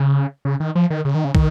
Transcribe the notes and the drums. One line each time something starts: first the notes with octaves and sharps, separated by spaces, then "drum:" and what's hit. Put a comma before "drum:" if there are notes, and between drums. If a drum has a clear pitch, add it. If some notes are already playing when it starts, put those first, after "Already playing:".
Already playing: C#3
C#3
D#3
F3
D#3
C#3
D#3
C#3
D#3, drum: kick